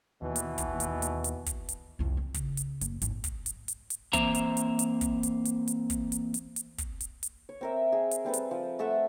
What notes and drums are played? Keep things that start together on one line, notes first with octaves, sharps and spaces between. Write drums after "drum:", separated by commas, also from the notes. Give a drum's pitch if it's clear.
D#2 B2 E3
drum: hi-hat
drum: kick, hi-hat
drum: hi-hat
drum: hi-hat
drum: hi-hat
drum: kick, hi-hat
drum: hi-hat
C2 F2
C4
C#3, drum: kick, hi-hat
drum: hi-hat
F#1, drum: hi-hat
G#1 D#2, drum: hi-hat
drum: kick, hi-hat
drum: hi-hat
drum: hi-hat
drum: hi-hat
E3 A#3 C4 C5 E5 A#5, drum: kick, hi-hat
drum: hi-hat
drum: hi-hat
drum: hi-hat
drum: kick, hi-hat
drum: hi-hat
drum: hi-hat
drum: hi-hat
drum: kick, hi-hat
drum: hi-hat
drum: hi-hat
drum: hi-hat
drum: kick, hi-hat
drum: hi-hat
drum: hi-hat
C#5
C4 A#4 E5
G#4
drum: hi-hat
G3 C4 A4 B4
drum: hi-hat
F3
A3 A4 E5 F#5